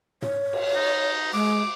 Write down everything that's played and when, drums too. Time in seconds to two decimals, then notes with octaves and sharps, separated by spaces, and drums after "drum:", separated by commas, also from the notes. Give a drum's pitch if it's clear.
0.22 C#5, drum: tom
0.53 drum: cymbal
0.75 D#4
1.33 G#3 D6